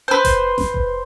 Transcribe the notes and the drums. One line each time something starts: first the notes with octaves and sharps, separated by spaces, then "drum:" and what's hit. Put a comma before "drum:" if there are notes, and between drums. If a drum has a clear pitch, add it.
B4 C5
drum: kick F1, hi-hat
drum: snare F#1
drum: kick F1